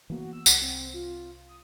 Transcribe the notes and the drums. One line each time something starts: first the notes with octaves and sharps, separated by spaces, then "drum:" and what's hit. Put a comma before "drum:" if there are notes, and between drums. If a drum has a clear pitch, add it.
E3 A#3 B3 F#4
E6
C2 F#5, drum: tambourine
C4
F4
D#6